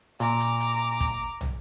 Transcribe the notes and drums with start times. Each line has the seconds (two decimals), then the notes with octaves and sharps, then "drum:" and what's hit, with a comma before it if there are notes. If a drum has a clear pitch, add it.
0.20 A#2 A#5 D6, drum: hi-hat
0.40 drum: hi-hat
0.60 drum: hi-hat
1.01 drum: kick, hi-hat
1.41 drum: tom